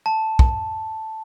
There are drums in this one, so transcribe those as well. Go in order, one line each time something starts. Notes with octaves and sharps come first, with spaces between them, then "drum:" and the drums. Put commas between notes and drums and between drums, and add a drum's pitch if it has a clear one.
A5
drum: kick